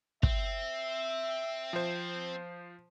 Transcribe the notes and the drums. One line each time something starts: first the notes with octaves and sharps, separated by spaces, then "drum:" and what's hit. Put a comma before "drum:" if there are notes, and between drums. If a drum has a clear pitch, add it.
C4 E5, drum: kick
F3 C5